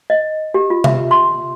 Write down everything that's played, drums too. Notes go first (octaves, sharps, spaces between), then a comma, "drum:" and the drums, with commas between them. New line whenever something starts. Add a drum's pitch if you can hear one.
D#5
G4
F4
E5, drum: tom C3
C6